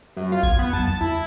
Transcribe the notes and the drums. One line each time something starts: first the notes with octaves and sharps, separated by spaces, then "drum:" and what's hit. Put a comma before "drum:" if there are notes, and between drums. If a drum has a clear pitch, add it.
F#2
F4
G#6, drum: kick A1
B3
A5, drum: tom E2
E4